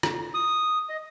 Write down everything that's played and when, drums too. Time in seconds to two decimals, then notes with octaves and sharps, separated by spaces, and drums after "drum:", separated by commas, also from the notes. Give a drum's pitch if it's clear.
0.03 drum: rim click
0.34 D#6
0.89 D#5